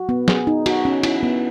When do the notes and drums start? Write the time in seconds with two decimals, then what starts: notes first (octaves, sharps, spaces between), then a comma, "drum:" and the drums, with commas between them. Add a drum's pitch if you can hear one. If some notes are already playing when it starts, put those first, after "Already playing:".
Already playing: F#4
0.09 B3
0.28 G#4, drum: snare
0.47 D#4
0.66 F#4, drum: cymbal
0.85 C#4
1.03 E4, drum: cymbal
1.23 B3